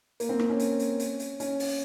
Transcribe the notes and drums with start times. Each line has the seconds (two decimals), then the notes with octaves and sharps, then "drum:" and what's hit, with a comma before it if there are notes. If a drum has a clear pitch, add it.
0.20 A#3, drum: hi-hat
0.29 C4
0.39 C4, drum: rim click
0.49 C#4
0.60 drum: hi-hat
0.80 drum: hi-hat
1.00 drum: hi-hat
1.20 drum: hi-hat
1.40 C#4, drum: hi-hat
1.60 drum: open hi-hat